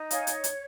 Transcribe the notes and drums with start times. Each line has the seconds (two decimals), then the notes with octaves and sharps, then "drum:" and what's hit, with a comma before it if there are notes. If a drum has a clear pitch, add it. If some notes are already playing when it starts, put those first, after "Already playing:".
Already playing: D#4
0.11 C#5 F5 G#5, drum: hi-hat
0.27 drum: hi-hat
0.44 drum: hi-hat